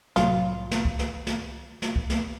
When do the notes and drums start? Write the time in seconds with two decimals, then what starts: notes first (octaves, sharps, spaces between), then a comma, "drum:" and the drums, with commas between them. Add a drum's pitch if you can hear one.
0.16 C2 A2 F#3 F4, drum: snare
0.71 drum: snare
0.85 drum: kick C#2
0.99 drum: snare
1.27 drum: snare
1.82 drum: snare
1.96 drum: kick C#2
2.10 drum: snare